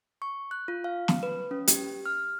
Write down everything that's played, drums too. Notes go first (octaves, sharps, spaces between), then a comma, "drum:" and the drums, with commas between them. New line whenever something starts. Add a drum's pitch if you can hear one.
C#6
F#6
F4
F5
drum: snare
B4
C#4
G4, drum: hi-hat
F6